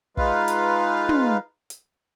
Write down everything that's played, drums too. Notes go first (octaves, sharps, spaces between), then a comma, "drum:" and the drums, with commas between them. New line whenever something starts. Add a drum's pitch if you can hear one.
G#3 D#4 F4 B4 F5, drum: kick
drum: hi-hat
drum: tom
drum: hi-hat